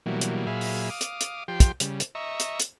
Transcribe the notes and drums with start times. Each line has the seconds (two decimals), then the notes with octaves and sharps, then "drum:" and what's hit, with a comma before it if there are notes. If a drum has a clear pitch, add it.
0.06 B2 E3 F#3 G3 A#3
0.21 drum: hi-hat
0.47 A#2 F#3 G#4 E5 F5 B5
0.61 drum: open hi-hat
0.90 F5 D6 D#6
1.01 drum: hi-hat
1.21 drum: hi-hat
1.48 F3 G4 G5 C6
1.60 drum: kick, hi-hat
1.80 C#3 G3, drum: hi-hat
2.00 drum: hi-hat
2.15 D#5 E5 A#5 C#6
2.40 drum: hi-hat
2.60 drum: hi-hat